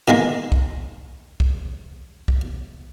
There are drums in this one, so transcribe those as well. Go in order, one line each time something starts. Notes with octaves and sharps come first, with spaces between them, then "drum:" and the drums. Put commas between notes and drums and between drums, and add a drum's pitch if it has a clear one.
D#3 E3 G#3 A#3
drum: kick
drum: kick
drum: kick